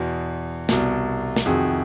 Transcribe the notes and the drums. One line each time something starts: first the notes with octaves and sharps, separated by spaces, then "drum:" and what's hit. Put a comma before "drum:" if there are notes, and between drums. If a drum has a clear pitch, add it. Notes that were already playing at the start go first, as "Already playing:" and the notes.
Already playing: E2 B2
C2 B2, drum: snare
drum: snare
F2 C3 D#3 F#4 G#4